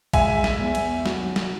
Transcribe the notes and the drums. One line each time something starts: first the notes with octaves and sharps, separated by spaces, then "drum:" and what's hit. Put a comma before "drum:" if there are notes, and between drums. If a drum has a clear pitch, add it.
G#3 E5 G#5, drum: kick A#1, cymbal
drum: snare
E2
drum: cymbal
F#3, drum: snare
drum: snare